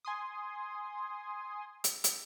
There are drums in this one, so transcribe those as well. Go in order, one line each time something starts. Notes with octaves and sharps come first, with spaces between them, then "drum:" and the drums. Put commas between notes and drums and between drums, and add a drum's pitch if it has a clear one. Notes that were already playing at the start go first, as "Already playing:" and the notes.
G#5 C6 D#6
drum: hi-hat
drum: hi-hat